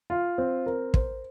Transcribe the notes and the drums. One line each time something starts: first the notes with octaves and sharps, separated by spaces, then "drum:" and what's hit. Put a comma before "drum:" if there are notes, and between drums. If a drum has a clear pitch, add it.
F4
C4
A#4
C5, drum: kick